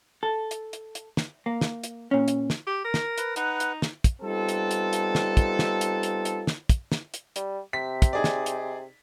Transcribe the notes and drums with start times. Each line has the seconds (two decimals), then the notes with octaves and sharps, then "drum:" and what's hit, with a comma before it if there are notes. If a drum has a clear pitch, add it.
0.23 A4
0.51 drum: hi-hat
0.73 drum: hi-hat
0.95 drum: hi-hat
1.17 drum: snare
1.46 A#3
1.61 drum: snare
1.84 drum: hi-hat
2.11 A#2 C#4
2.28 drum: hi-hat
2.50 drum: snare
2.67 G4
2.85 A#4
2.94 drum: snare
3.18 B4, drum: hi-hat
3.36 D#4 B4 F#5, drum: hi-hat
3.60 drum: hi-hat
3.82 drum: snare
4.04 drum: kick, hi-hat
4.22 G3 B3 C4 D#4 F4 A4
4.49 drum: hi-hat
4.71 drum: hi-hat
4.93 drum: hi-hat
5.15 drum: snare
5.37 drum: kick, hi-hat
5.59 drum: snare
5.81 drum: hi-hat
6.03 drum: hi-hat
6.25 drum: hi-hat
6.47 drum: snare
6.69 drum: kick, hi-hat
6.92 drum: snare
7.14 drum: hi-hat
7.36 G3, drum: hi-hat
7.73 C3 B6
8.02 drum: kick, hi-hat
8.13 D#4 G#4 D5
8.24 drum: snare
8.46 drum: hi-hat